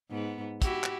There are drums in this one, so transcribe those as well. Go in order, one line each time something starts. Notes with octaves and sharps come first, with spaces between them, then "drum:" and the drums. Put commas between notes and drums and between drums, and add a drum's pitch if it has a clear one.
G#2 B3
E4 F#4 G4, drum: kick, hi-hat
drum: clap